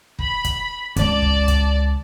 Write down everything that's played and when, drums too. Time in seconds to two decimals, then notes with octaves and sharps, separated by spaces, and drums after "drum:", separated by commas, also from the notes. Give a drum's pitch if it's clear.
0.19 B5, drum: kick
0.44 drum: kick, hi-hat
0.96 C#2 D5 A5, drum: hi-hat
1.22 drum: kick
1.48 drum: kick, hi-hat